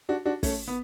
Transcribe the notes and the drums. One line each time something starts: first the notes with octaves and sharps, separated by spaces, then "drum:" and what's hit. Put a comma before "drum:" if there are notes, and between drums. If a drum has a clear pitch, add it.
D4 F#4
D4 F#4
A3 C#4, drum: kick, open hi-hat
B3